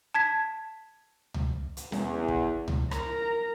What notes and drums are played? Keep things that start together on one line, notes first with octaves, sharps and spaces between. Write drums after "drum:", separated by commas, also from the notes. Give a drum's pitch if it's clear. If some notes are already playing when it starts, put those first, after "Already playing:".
A5 G#6 B6
drum: tom C#2
drum: hi-hat
E2, drum: snare
drum: kick
drum: tom C#2
A#4 A#5, drum: rim click